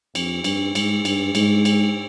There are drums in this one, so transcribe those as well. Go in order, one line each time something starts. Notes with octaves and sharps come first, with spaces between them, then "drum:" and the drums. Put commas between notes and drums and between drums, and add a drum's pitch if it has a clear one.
F2, drum: cymbal
G2, drum: cymbal
G#2, drum: cymbal
G2, drum: cymbal
G#2, drum: cymbal
drum: cymbal